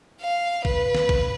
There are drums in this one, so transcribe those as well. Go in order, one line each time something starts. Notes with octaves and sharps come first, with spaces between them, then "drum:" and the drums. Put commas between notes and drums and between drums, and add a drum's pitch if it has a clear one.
F5
B4, drum: kick A#1
drum: snare
drum: kick A#1